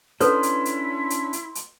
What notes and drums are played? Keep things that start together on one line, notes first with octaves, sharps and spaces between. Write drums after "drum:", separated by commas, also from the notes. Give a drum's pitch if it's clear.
C#4 D4 E4 A4 B4 C#5 C6, drum: hi-hat
drum: hi-hat
drum: hi-hat
drum: hi-hat
drum: hi-hat
drum: hi-hat